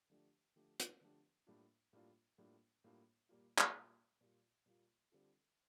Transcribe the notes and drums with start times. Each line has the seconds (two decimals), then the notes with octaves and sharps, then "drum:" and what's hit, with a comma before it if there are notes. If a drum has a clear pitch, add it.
0.10 D3 F3 A3 D4 G4
0.56 D3 F3 A3 D4 G4
0.80 drum: hi-hat
1.01 D3 F3 A3 D4 G4
1.47 A2 G3 A#3 D4 F4
1.93 A2 G3 A#3 D4 F4
2.38 A2 G3 A#3 D4 F4
2.84 A2 G3 A#3 D4 F4
3.29 A#2 G3 A#3 F4
3.58 drum: clap
3.75 A#2 G3 A#3 F4
4.21 A#2 G3 A#3 F4
4.66 A#2 G3 A#3 F4
5.12 D3 G3 C4 F4 A4